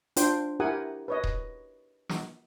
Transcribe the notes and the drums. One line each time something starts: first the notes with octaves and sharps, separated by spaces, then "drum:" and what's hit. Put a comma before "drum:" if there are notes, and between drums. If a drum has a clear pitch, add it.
D4 F4 C5 G5 C6, drum: hi-hat
E4 G4 A#4 F#5 G#5 D#6
B4 C#5 D#5
drum: kick D#1
drum: snare